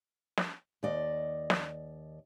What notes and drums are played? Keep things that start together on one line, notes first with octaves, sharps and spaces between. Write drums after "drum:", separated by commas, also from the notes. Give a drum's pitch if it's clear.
drum: snare
D#2 D5 D#5
drum: snare